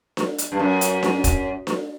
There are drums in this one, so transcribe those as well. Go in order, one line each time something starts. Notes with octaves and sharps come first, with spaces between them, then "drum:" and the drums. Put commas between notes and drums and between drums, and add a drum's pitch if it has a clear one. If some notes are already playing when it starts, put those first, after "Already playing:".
drum: snare D4
drum: hi-hat
G2
F#2
drum: hi-hat
drum: snare D4
drum: kick, hi-hat
drum: snare D4